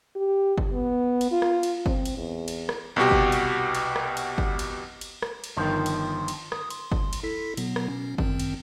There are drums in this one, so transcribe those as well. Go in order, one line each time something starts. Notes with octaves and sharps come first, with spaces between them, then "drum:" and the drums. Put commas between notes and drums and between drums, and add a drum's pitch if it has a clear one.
G4
drum: kick G1
B3
drum: cymbal
F4
drum: rim click
drum: cymbal
C4, drum: kick G1
drum: cymbal
E2
drum: cymbal
drum: rim click
C2 B2 F#4 G4
drum: kick G1
drum: cymbal
drum: cymbal
drum: rim click
drum: cymbal
drum: kick G1
drum: cymbal
drum: cymbal
drum: rim click
drum: cymbal
G1 D#3 F3
drum: cymbal
drum: cymbal
D#6, drum: rim click
C6, drum: cymbal
drum: kick G1
drum: cymbal
E4 A4 B6
B2 F#3 B3, drum: cymbal
drum: rim click
B2 C#4
F#2 D#3 C4, drum: kick G1
drum: cymbal